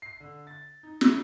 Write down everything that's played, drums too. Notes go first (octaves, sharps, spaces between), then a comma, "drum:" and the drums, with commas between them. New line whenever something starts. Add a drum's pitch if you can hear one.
C7
D3
A6
D#4
E4, drum: snare